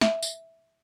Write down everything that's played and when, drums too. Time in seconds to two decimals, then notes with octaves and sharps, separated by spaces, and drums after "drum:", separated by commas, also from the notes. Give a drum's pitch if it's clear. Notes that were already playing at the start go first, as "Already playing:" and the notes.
0.01 E5, drum: snare
0.23 drum: tambourine